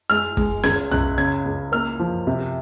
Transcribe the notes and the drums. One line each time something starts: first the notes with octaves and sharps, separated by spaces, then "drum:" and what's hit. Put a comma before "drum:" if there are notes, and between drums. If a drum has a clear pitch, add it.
G#3 F6
G#3, drum: kick
C#2 G#6, drum: snare C#4
C#2 F#6, drum: tom
C#3 G#6
C#2
A#3 F6
F3
C3